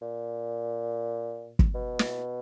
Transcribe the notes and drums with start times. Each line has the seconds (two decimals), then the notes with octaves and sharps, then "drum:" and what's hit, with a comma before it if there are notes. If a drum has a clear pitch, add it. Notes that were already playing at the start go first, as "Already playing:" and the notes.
0.01 A#2
1.59 drum: kick
1.75 B2
1.99 drum: snare